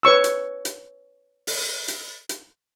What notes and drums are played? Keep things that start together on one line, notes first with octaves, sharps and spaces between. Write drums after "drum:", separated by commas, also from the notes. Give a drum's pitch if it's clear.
B4 C#5 C#6 E6
drum: hi-hat
drum: hi-hat
drum: open hi-hat
drum: hi-hat
drum: hi-hat